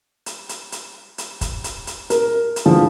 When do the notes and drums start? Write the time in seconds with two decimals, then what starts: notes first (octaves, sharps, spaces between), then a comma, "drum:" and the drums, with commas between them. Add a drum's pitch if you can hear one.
0.26 drum: hi-hat
0.49 drum: hi-hat
0.72 drum: hi-hat
1.18 drum: hi-hat
1.41 drum: kick, hi-hat
1.64 drum: hi-hat
1.87 drum: hi-hat
2.10 A#4, drum: hi-hat
2.56 drum: hi-hat
2.66 D2 F3 G#3